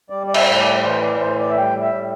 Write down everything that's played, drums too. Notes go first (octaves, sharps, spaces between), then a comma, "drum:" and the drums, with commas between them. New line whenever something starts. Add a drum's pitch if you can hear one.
G3 D5
D5
E5, drum: cymbal
A2
D5
E3 C5
D5
A2 C5
D5
E5
G3 G5
E5
A2